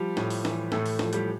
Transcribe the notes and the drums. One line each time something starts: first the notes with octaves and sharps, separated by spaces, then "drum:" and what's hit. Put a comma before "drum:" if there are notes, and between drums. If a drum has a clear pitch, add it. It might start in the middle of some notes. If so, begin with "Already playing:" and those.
Already playing: F3 G3 G4
A2, drum: snare
drum: open hi-hat
E3, drum: snare
A2 A3 A4, drum: snare
drum: open hi-hat
F3, drum: snare
G3 G4, drum: hi-hat